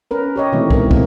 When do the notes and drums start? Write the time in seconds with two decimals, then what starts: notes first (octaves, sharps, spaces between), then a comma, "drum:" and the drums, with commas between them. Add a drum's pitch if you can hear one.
0.11 C#4 A#4 B4
0.36 G4 C#5 D#5
0.52 B2 D#3 E3 G3 A3 C4
0.70 E3 G#3 C4 A#4, drum: kick
0.91 A#3 C4, drum: kick